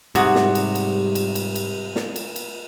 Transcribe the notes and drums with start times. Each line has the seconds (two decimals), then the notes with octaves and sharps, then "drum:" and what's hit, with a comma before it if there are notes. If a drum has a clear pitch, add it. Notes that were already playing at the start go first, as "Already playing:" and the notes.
0.15 G#2 C3 G3 F#4 D#6, drum: cymbal
0.35 drum: snare
0.55 drum: cymbal
0.75 drum: cymbal
1.15 drum: cymbal
1.35 drum: cymbal
1.55 drum: cymbal
1.96 drum: snare
2.16 drum: cymbal
2.36 drum: cymbal